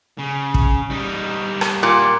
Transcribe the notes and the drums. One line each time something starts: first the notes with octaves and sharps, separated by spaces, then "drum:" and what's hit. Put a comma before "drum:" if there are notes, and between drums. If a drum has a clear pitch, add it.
C#3
drum: kick
G3 D#4
drum: rim click
A#2